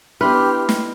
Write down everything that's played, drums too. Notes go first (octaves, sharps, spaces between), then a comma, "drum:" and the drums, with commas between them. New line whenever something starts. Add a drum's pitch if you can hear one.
B3 D4 E4 G4 B4 C6 F6
drum: snare